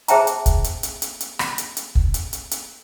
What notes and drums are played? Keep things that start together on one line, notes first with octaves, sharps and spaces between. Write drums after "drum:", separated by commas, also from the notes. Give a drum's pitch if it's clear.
G#4 C5 E5 G5 A5 A#5, drum: hi-hat
drum: hi-hat
drum: kick, hi-hat
drum: hi-hat
drum: hi-hat
drum: hi-hat
drum: hi-hat
drum: rim click
drum: hi-hat
drum: hi-hat
drum: kick
drum: hi-hat
drum: hi-hat
drum: hi-hat